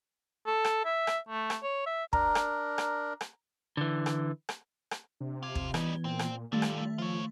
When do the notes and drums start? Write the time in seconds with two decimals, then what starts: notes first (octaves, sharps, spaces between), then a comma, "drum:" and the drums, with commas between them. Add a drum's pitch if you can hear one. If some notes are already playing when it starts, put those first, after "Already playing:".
0.46 A4
0.65 drum: rim click
0.85 E5
1.07 drum: rim click
1.29 A3
1.50 drum: rim click
1.63 C#5
1.86 E5
2.13 D4 A#4 A#5, drum: kick
2.35 drum: rim click
2.78 drum: rim click
3.21 drum: rim click
3.77 D3 E3
4.06 drum: rim click
4.49 drum: rim click
4.91 drum: rim click
5.21 C3 D4
5.43 F2 F4 C6 D6 G#6
5.55 drum: kick
5.74 E3 G3 B3 D#4 G#6, drum: rim click
6.05 A#2 C4
6.19 drum: rim click
6.53 D#3 G3 A3 D4 F4
6.62 drum: rim click
6.98 F3 F4 C#5